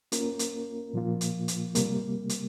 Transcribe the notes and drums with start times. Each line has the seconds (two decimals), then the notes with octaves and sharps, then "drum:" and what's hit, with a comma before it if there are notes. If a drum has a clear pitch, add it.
0.12 A#3 C#4 F4 A#4, drum: hi-hat
0.39 drum: hi-hat
0.93 A#2 F3 A#3 F4
1.21 drum: hi-hat
1.48 drum: hi-hat
1.75 C3 G3 A#3, drum: hi-hat
2.29 drum: hi-hat